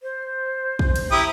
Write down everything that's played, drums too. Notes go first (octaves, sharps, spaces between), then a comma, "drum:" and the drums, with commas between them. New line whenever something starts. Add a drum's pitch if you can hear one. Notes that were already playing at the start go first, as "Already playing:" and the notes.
C5
drum: kick
drum: cymbal
E4 G4 A#5 D#6